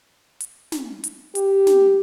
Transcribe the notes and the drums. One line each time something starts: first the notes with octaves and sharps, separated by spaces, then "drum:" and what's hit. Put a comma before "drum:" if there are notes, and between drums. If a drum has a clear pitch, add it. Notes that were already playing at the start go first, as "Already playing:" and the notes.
drum: hi-hat
drum: snare
drum: hi-hat
G4, drum: hi-hat
drum: snare